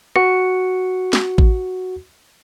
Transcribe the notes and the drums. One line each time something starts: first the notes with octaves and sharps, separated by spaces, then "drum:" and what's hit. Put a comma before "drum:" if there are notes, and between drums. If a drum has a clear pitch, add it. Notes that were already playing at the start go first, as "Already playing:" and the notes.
F#4 C#7, drum: rim click
drum: snare
drum: kick A1